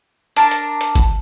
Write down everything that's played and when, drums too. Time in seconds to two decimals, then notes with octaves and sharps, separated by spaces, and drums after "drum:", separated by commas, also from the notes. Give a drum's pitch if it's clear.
0.37 D4 A#4 A5, drum: hi-hat
0.51 drum: hi-hat
0.81 drum: hi-hat
0.95 drum: kick, hi-hat